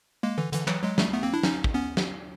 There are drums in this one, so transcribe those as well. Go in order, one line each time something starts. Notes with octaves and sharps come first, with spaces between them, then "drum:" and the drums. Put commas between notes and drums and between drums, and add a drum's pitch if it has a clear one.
G#3 A#3
D3 E3
D3 E3, drum: hi-hat
E3 F#3, drum: clap
F#3 G#3
G3 A3, drum: snare
A3 B3
A#3 C4
D4 E4
C#4 D#4, drum: snare
drum: kick
B3 C#4
drum: snare